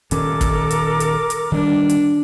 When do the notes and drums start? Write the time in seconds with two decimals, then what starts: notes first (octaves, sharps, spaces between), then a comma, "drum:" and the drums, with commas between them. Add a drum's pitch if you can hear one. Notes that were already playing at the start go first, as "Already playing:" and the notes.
0.11 D#1 D#3 C#4 A4 A#4 D6, drum: hi-hat
0.41 drum: kick, hi-hat
0.71 drum: hi-hat
1.00 drum: hi-hat
1.30 drum: hi-hat
1.52 D#3 G3 D4
1.89 drum: hi-hat